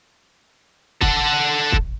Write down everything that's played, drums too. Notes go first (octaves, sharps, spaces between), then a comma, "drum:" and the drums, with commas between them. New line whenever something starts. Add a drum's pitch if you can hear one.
A4 F#5, drum: kick
drum: kick